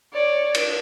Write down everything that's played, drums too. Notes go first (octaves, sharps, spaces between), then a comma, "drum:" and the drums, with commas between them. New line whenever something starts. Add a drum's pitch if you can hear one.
C#5 D5
drum: cymbal